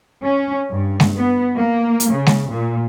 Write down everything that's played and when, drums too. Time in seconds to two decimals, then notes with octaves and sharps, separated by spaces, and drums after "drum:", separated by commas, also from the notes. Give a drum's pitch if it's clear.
0.23 C#4
0.69 G2
1.00 drum: snare
1.16 B3
1.56 A#3
2.00 drum: hi-hat
2.12 C#3
2.27 drum: snare
2.50 A#2